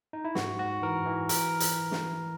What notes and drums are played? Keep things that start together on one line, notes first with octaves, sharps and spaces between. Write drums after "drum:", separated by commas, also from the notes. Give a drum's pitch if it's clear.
D#4
E4
G#2 F#4, drum: snare
G#2 F#4
E3 A#4
E3
A#4, drum: hi-hat
drum: hi-hat
drum: snare